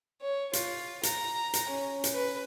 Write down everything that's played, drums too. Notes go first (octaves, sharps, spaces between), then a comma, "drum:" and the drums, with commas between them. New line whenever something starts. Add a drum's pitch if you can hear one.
C#5
F4, drum: hi-hat
A#5, drum: hi-hat
drum: hi-hat
C#4
drum: hi-hat
B4